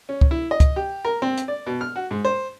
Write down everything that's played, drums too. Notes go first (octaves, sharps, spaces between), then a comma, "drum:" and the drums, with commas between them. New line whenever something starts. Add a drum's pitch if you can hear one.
C#4
drum: kick C#2
E4
D#5
drum: kick C#2, hi-hat
G4
A#4
C4
drum: hi-hat
D5
B2
F6
F#4
G#2
C5